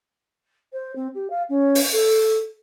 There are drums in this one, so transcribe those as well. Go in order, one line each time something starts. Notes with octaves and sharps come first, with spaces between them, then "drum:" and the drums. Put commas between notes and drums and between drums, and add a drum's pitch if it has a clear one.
C5
C4
G4
F5
C#4
drum: open hi-hat
A4